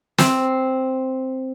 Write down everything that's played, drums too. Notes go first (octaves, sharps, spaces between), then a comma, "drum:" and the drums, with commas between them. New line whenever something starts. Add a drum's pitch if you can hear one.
C4, drum: snare